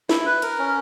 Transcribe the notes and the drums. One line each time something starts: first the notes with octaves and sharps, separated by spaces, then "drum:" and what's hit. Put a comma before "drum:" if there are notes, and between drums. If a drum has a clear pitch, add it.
E4, drum: snare
B4
A#4, drum: cymbal
C#4